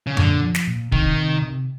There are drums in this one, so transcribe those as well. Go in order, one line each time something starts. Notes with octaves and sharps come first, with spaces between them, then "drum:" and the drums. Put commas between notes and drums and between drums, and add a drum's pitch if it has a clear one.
C#3
A#2 D3, drum: tom F#2
F3
drum: snare
A#2
C3 D#3, drum: kick
C3
C3